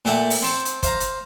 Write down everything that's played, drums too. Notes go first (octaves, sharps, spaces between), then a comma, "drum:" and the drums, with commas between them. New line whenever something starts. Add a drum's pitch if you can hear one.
A#2 A3 G4 E5 F#5 A5
drum: open hi-hat
C4 C5 A5
drum: hi-hat
C5 F5 A#5, drum: kick G1, hi-hat
drum: hi-hat